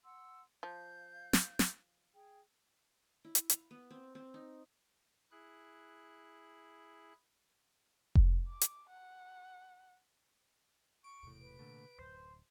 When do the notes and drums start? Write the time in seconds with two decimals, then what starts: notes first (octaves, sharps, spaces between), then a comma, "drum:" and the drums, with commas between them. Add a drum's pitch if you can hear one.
0.04 F#5 C6 E6
0.63 F3 F5 G6
1.33 drum: snare
1.59 drum: snare
2.14 G#4 G5
3.24 E4
3.35 drum: hi-hat
3.50 F5, drum: hi-hat
3.71 B3
3.91 C4
4.15 C4
4.34 D#4
5.31 E4 G#4 F#6
8.15 drum: kick F1
8.47 D6
8.61 drum: hi-hat
8.89 F#5
11.04 C#6 D7
11.23 E1 A2 C3
11.41 B4
11.59 A#2 D3 A3
11.99 D1 F#2 D4 C5